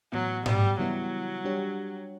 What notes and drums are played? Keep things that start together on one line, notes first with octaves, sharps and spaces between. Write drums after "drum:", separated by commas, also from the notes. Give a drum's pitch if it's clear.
A2 E3 F#3 B3
G3, drum: tom G#2
C#3 E3 F#3 G3 B3 E4
G3 D4 G4 C#5